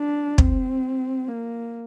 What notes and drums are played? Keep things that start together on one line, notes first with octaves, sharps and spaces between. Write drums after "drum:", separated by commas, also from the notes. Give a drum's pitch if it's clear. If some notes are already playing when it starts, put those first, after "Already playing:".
Already playing: D4
C4, drum: kick
A#3